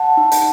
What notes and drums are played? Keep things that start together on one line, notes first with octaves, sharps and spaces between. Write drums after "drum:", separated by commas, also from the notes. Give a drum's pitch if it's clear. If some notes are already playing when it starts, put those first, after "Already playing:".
Already playing: F#5 A5
D#4
drum: hi-hat